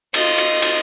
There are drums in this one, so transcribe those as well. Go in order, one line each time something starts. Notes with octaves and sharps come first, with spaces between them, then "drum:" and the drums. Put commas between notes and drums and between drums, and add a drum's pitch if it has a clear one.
F4 D#5, drum: cymbal
drum: cymbal
drum: cymbal